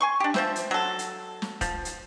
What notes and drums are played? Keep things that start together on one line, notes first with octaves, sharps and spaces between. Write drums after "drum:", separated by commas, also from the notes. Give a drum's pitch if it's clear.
G#5 C6 C#6
D4 G4
F3 C5 E5, drum: snare
drum: hi-hat
F#3 A4
drum: hi-hat
drum: snare
F3, drum: kick, hi-hat
drum: hi-hat